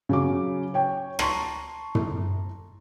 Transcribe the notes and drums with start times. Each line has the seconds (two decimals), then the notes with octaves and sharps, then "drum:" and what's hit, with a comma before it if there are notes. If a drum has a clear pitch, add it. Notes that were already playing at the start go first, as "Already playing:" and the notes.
0.09 C#3 F#3 D6
0.74 C#5 G5
1.19 A5 A#5 C6 C#6, drum: rim click
1.95 drum: tom